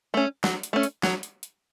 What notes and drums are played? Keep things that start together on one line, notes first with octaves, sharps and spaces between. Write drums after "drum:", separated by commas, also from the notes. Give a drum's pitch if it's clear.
A3 C#4
F#3, drum: snare
drum: hi-hat
A3 C#4
drum: hi-hat
F#3, drum: snare
drum: hi-hat
drum: hi-hat